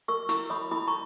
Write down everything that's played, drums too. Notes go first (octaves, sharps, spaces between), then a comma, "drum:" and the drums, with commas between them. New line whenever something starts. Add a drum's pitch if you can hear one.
A#4 C#6 E6
E4 C#6 E6, drum: hi-hat
C#5 B5 D#6
E4 B5 D#6
A#5 C#6